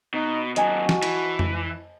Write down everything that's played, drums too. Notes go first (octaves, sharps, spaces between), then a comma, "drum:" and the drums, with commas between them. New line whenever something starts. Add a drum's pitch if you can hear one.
B2 D#4
D#2 F#3 F#4 D#5 G#5 A5, drum: hi-hat
drum: snare
E3, drum: cymbal
drum: tom F2